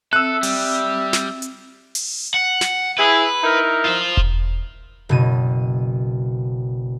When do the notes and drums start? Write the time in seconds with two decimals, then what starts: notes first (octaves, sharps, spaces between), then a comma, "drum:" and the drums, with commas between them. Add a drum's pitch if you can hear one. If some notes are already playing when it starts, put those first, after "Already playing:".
0.13 C4 A4 E5 E6 F#6
0.43 G3, drum: open hi-hat
1.13 drum: snare
1.42 drum: hi-hat
1.95 drum: open hi-hat
2.34 F#5
2.61 drum: snare
2.98 E4 G#4 B4
3.43 D#4 E4 A#4
3.85 F4 C5
4.17 drum: kick E1
5.09 F#1 B2 D#7